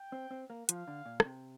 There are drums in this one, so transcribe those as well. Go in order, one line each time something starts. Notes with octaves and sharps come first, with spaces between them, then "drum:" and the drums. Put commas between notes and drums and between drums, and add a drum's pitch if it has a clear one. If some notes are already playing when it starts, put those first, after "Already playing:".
Already playing: G5
C4
C4
A#3
F3 F5, drum: hi-hat
D3
A#2
D3, drum: rim click
C3